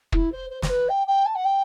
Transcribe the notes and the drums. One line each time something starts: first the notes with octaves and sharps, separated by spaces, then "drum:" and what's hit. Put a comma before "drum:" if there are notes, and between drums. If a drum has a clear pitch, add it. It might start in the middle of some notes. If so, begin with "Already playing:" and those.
E4, drum: kick
C5
C5
C5, drum: snare
B4
G5
G5
A5
F#5
G5